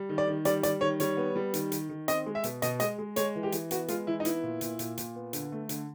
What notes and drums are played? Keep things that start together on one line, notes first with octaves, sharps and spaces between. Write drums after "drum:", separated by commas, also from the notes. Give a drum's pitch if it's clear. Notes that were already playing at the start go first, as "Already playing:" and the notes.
Already playing: G3
D#3
D5
D#3
G3 D5, drum: hi-hat
G3 D5, drum: hi-hat
D#3 C#5
G3 C#5, drum: hi-hat
B3
G3
D#3, drum: hi-hat
D#3, drum: hi-hat
D#3
C4 D#5, drum: hi-hat
G#3
E5
B2, drum: hi-hat
B2 D#5, drum: hi-hat
G#3 D#5, drum: hi-hat
G#3
G#3 C#5, drum: hi-hat
E3
G4
E3, drum: hi-hat
B3 F#4, drum: hi-hat
G#3 F4, drum: hi-hat
E3 E4
D#4
B3 E4, drum: hi-hat
A#2
A#2, drum: hi-hat
A#2, drum: hi-hat
A#2, drum: hi-hat
B3
D3, drum: hi-hat
A3
D3, drum: hi-hat